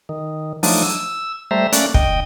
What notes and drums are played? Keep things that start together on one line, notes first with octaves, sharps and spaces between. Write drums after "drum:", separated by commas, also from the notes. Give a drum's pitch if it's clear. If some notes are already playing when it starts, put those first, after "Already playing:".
D#3
F3 F#3 A3 D4 D#4, drum: open hi-hat
E6
G3 A3 C5 E5 A#5
A3 A#3 C#4 D5 F#6, drum: hi-hat
D2 D#5 G5, drum: kick